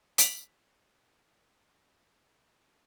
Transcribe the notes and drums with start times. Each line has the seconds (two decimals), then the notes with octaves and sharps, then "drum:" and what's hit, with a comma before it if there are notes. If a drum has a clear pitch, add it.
0.18 B6 D7 F7 F#7, drum: hi-hat